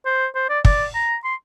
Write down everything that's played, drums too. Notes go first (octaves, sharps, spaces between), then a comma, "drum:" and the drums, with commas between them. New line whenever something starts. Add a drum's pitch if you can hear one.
C5
C5
D5
D5, drum: kick
A#5
C6